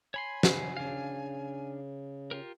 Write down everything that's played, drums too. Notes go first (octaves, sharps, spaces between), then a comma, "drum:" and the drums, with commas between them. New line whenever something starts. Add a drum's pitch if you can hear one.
C#5 G#5 B5 C6
drum: snare
C#3 D4 F5
F4 G4 A#4